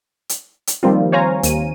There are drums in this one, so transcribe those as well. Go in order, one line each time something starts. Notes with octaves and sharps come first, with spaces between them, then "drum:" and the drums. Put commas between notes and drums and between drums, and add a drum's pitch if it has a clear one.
drum: hi-hat
drum: hi-hat
D#3 F3 G3 A#3 C4 F4
C5 C#5 F5 G#5 A#5
D#2 D#7, drum: hi-hat